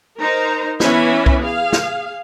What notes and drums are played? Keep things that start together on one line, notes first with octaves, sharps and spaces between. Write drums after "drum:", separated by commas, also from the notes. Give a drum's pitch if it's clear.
D#4 A#4 C5 A#5
E3 B3 C#4 E5 G#5 B5, drum: snare
drum: kick C2
G#4 F5
drum: snare